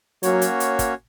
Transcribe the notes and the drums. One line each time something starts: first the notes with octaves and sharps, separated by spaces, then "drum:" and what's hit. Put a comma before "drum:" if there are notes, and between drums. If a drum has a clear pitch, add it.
F#3 A#3 C#4 F#4 C#5, drum: hi-hat
drum: hi-hat
drum: hi-hat
drum: kick, hi-hat